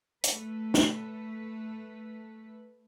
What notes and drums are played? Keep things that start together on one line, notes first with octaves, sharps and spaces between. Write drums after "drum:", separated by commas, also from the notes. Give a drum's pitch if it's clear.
A3 B4, drum: hi-hat
drum: snare